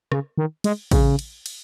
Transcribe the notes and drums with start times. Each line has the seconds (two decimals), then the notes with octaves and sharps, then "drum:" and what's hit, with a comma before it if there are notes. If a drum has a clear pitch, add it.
0.12 C#3, drum: rim click
0.38 D#3
0.64 G#3, drum: cymbal
0.91 C#3, drum: kick A1, cymbal
1.19 drum: cymbal
1.46 drum: cymbal